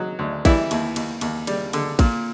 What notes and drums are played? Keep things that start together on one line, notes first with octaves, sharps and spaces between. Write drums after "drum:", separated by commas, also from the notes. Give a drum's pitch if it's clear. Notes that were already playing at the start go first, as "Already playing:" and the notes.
Already playing: F#3 D#4
D2
E3 G3 E4, drum: kick, cymbal
D#2, drum: cymbal
D#2, drum: cymbal
D#2, drum: cymbal
G3, drum: cymbal
D3, drum: cymbal
A#2, drum: kick, cymbal